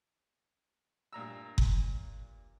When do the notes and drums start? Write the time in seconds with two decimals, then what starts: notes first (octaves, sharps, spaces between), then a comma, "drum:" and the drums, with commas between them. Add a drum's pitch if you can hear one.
1.13 G2 A#2 A#5 E6
1.58 drum: kick F#1